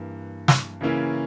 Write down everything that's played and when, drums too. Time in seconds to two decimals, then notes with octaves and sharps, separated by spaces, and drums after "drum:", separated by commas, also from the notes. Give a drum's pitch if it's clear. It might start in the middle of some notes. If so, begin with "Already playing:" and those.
Already playing: G2 E3 A#3
0.48 drum: snare
0.81 C#3 E3 A#3 C#4 E4